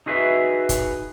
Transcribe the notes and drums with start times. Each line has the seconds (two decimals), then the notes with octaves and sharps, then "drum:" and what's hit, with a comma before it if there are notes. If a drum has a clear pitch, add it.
0.06 D#4 F#4 G#4 B4 E5
0.69 drum: kick, hi-hat